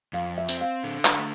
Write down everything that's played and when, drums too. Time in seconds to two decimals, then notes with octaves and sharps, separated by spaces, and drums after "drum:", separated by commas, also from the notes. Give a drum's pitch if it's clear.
0.13 F2 F5
0.38 E5
0.49 C4, drum: tambourine
0.61 F5
0.84 D3
1.05 drum: clap
1.19 A3